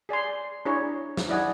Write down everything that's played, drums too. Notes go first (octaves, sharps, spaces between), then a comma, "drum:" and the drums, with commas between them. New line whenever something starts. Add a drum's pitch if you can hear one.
G#4 D5 G#5 C6
D4 E4 G#4 C#5 A#5
drum: snare
E4 D5 D#5 F#5 G#5